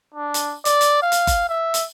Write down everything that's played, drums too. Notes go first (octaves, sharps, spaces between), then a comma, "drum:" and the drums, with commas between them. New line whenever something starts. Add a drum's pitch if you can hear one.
D4
drum: hi-hat
D5, drum: hi-hat
drum: hi-hat
F5
drum: hi-hat
drum: kick F#1, hi-hat
E5
drum: hi-hat